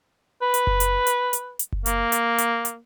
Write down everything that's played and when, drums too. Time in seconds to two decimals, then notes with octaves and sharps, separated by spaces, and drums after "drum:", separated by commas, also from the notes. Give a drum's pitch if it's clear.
0.42 B4
0.54 drum: hi-hat
0.67 drum: kick F#1
0.80 drum: hi-hat
1.07 drum: hi-hat
1.33 drum: hi-hat
1.59 drum: hi-hat
1.72 drum: kick F#1
1.86 A#3, drum: hi-hat
2.12 drum: hi-hat
2.38 drum: hi-hat
2.65 drum: hi-hat